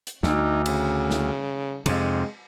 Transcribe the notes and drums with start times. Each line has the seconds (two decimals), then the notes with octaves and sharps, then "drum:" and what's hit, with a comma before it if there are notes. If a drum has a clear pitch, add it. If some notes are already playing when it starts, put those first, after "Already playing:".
0.07 drum: hi-hat
0.23 D2 D#4, drum: snare
0.66 C#3, drum: cymbal
1.10 drum: snare
1.86 F2 C3 G#3, drum: cymbal